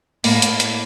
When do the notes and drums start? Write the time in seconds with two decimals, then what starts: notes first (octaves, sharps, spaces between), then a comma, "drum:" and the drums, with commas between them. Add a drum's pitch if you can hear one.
0.24 A2 A#3, drum: open hi-hat
0.42 drum: hi-hat
0.60 drum: hi-hat